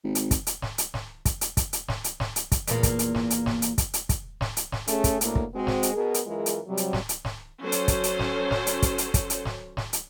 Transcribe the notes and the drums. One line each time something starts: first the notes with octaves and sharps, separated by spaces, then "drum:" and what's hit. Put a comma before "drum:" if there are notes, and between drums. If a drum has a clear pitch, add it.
G#1
drum: hi-hat
drum: kick, hi-hat
drum: hi-hat
drum: snare
drum: hi-hat
drum: snare
drum: kick, hi-hat
drum: hi-hat
drum: kick, hi-hat
drum: hi-hat
drum: snare
drum: hi-hat
drum: snare
drum: hi-hat
drum: kick, hi-hat
E2 A#2 A#3, drum: hi-hat
drum: kick, hi-hat
drum: hi-hat
drum: snare
drum: hi-hat
drum: snare
drum: hi-hat
drum: kick, hi-hat
drum: hi-hat
drum: kick, hi-hat
drum: snare
drum: hi-hat
drum: snare
A3 C#4 G#4, drum: hi-hat
drum: kick, hi-hat
D2 A2 A#3, drum: hi-hat
drum: kick
G#3 C4 F#4
drum: snare
drum: hi-hat
B2 G#4 A#4
drum: hi-hat
F#2 E3 G#3 F4 G#4 A#4
drum: hi-hat
C3 F#3 G3
drum: hi-hat
drum: snare
drum: hi-hat
drum: snare
F#3 C#4 A4 C5
drum: hi-hat
drum: kick, hi-hat
drum: hi-hat
drum: snare
drum: snare
drum: hi-hat
drum: kick, hi-hat
drum: hi-hat
drum: kick, hi-hat
drum: hi-hat
drum: snare
drum: snare
drum: hi-hat